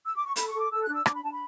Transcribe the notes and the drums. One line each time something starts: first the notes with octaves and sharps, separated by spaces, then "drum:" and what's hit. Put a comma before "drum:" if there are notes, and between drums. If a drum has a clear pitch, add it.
E6
D6
C#6
A4 B5, drum: hi-hat
C#6
A4
D6
A4 E6
F#6
D4
E6
D4 D6, drum: rim click
B5
D4 A5
B5